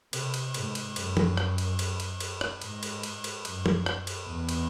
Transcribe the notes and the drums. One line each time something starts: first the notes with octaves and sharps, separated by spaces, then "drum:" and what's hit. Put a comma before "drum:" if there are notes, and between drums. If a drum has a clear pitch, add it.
C3, drum: cymbal
drum: cymbal
G#2, drum: cymbal
drum: cymbal
F#2, drum: cymbal
drum: tom
drum: rim click
drum: cymbal
drum: cymbal
drum: cymbal
drum: cymbal
drum: rim click
G#2, drum: cymbal
drum: cymbal
drum: cymbal
drum: cymbal
F#2, drum: cymbal
drum: tom
drum: rim click
drum: cymbal
E2
drum: cymbal